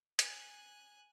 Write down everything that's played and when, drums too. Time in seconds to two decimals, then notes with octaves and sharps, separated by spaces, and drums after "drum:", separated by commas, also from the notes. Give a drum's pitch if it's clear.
0.19 G#5 F#6, drum: hi-hat